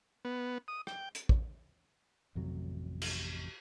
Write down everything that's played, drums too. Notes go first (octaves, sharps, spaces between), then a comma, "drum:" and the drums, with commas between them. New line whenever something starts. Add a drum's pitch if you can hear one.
B3
D#6
G5, drum: rim click
drum: hi-hat
drum: kick
A1 F2 C3 F#3
drum: cymbal